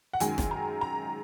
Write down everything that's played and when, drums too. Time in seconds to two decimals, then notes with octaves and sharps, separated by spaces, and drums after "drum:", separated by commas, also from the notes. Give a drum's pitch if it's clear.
0.13 F#5
0.20 F#2 D#3 G#3 G#5, drum: hi-hat
0.38 drum: snare
0.51 A#5
0.81 A#5